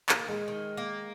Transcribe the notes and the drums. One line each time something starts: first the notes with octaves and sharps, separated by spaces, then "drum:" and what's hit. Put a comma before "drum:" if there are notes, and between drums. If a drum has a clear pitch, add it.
A#3, drum: clap
D#3
G#3
D#3
A#3